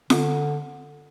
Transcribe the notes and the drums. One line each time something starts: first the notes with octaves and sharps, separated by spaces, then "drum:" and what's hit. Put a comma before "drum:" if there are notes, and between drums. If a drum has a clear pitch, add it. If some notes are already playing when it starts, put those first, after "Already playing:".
D3, drum: snare F4